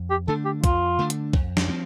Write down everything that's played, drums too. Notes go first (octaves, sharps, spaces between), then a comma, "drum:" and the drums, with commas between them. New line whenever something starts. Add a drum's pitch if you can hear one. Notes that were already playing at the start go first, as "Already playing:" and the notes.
Already playing: F2
G4
D3 A3 D4 A4
G4
F2 F4, drum: kick, hi-hat
D3 A3 D4
drum: hi-hat
F2, drum: kick
drum: snare
F3 C4